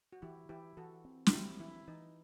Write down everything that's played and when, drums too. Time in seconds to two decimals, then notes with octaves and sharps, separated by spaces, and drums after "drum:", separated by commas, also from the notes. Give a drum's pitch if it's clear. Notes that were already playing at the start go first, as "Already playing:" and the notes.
0.13 F#4
0.22 E3 E4 G4
0.49 E3 E4 G4
0.77 E3 F#4 A4
1.05 C4
1.26 F#4, drum: snare
1.32 C4 E4 G4
1.59 E3 E4
1.88 E3 D#4